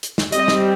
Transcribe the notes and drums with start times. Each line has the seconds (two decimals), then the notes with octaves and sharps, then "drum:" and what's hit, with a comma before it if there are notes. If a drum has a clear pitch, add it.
0.03 drum: hi-hat
0.18 drum: snare
0.32 G3 C4 D#5, drum: hi-hat
0.48 drum: snare